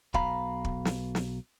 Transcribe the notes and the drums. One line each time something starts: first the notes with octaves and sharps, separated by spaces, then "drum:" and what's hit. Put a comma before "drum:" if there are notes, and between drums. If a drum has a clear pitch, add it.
B1 B2 F5 A#5 B5, drum: kick
drum: kick
drum: snare
drum: snare